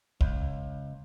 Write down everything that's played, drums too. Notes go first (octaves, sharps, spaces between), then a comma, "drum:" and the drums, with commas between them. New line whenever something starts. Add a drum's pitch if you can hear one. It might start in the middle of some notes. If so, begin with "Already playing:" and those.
C#2, drum: kick